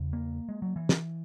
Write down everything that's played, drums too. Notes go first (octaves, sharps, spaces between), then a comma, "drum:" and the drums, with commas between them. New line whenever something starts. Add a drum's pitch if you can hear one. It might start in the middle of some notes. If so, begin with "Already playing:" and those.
Already playing: E2 C#3
A#3
G#3
F#3
E3
drum: snare